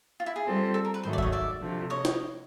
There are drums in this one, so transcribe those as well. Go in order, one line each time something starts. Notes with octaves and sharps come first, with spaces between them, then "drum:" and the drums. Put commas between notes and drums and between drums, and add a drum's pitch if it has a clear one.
F4
E4
G#4
G3 C4 F4 A4 C5
A4
A#4
B4
G#2 D#3 F#3 A3 C5
D5
E5, drum: kick
C#5 D#5
D5 E5
C3 F3 A3 D4
C#5 D#5
drum: snare